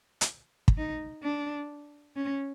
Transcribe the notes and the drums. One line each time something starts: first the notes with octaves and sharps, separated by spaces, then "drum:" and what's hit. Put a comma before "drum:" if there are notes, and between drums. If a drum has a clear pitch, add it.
drum: hi-hat
drum: kick
D#4
D4
C#4